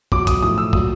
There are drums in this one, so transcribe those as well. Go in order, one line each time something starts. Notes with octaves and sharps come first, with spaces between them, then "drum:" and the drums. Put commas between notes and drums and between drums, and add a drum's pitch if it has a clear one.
B2 F#3 D6, drum: kick
D#6, drum: kick, hi-hat
A2 F3 D#6
E6
A#2 F#3 D#6, drum: kick